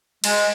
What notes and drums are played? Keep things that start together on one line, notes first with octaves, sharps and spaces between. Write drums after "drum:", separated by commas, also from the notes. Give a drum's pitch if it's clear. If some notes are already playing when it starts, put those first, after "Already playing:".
G#3, drum: cymbal